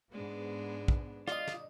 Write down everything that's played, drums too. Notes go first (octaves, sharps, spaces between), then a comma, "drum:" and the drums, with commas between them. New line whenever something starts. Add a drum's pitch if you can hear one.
G#2 G#3 B3 D4
drum: kick
F4 D5 D#5, drum: rim click
drum: snare